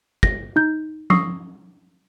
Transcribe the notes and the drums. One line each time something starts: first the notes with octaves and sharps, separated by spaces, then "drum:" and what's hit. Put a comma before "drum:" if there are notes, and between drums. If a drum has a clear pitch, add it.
A#6, drum: kick
D#4 G6
C#6 D#6 E6 A#6 C7, drum: tom F3